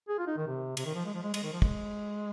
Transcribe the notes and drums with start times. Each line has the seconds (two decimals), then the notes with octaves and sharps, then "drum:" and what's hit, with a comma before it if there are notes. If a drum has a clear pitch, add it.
0.09 G#4
0.19 F4
0.27 D#4
0.37 D#3
0.47 C3
0.77 C3, drum: cymbal
0.85 D#3
0.95 F3
1.05 G#3
1.14 F3
1.23 G#3
1.34 G#3, drum: cymbal
1.43 D#3
1.53 F3
1.62 G#3, drum: kick